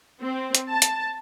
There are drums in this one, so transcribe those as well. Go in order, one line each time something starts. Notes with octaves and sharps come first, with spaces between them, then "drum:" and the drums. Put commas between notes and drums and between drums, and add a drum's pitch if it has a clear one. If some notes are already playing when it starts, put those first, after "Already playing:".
C4
drum: hi-hat
A5
drum: hi-hat